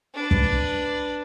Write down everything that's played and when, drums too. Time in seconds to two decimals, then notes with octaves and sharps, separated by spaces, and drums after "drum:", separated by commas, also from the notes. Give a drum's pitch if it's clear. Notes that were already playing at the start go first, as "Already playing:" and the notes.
0.14 D4 B4
0.31 drum: kick